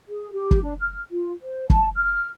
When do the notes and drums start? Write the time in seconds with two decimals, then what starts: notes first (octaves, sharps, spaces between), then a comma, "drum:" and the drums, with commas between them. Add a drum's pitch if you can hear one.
0.08 G#4
0.32 G4
0.51 drum: kick
0.63 D4
0.80 F6
1.11 F4
1.43 C5
1.70 A5, drum: kick
1.96 F6